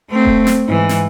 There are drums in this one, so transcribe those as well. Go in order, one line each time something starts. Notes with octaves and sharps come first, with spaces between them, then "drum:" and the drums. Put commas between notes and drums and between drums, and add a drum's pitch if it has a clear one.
A3 C4
drum: kick E1
drum: snare
G#2 E3
drum: snare